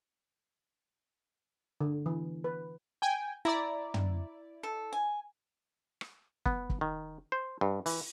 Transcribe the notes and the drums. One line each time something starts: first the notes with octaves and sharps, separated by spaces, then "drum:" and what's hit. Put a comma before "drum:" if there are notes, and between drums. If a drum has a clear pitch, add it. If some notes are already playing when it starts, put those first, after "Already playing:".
D3
E3
B4
G5 G#5
E4 D5 A#5
drum: tom
A4
G#5
drum: rim click
B3, drum: kick
drum: kick
D#3
C5
G2
E3, drum: open hi-hat